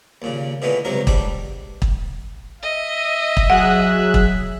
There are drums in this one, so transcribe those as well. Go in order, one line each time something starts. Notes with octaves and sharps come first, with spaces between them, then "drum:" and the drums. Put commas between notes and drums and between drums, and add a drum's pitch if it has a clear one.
D#2 A#2 C#3
A#2 D3 E3 G#3 B3 C#4
C#2 G2 C3 F#3 A#4
G#2 G3 D4 G5 D6, drum: kick
drum: kick
D#5 E5
drum: kick
F#3 G#4 F#5 F#6
drum: kick